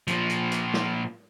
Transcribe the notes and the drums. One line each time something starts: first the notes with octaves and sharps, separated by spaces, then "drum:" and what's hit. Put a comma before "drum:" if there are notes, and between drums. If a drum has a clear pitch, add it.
A#2 F3, drum: hi-hat
drum: hi-hat
drum: hi-hat
drum: snare